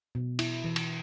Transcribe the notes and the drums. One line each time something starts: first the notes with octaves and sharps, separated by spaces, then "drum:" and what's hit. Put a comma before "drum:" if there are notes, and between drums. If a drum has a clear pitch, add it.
B2
E4, drum: cymbal
E3
drum: cymbal